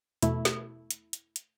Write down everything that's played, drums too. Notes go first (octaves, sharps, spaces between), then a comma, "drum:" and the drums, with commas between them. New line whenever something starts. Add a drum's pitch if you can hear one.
E2 B2 A3 E4, drum: hi-hat
drum: snare
drum: hi-hat
drum: hi-hat
drum: hi-hat